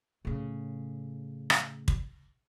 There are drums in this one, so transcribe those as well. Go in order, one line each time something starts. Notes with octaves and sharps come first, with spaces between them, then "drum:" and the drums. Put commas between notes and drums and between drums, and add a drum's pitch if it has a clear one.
A2 C#3
drum: rim click
drum: kick